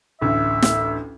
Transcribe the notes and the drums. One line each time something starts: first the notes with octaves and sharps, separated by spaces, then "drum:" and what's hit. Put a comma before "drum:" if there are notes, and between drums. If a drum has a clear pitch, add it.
A1 D2 E5
drum: snare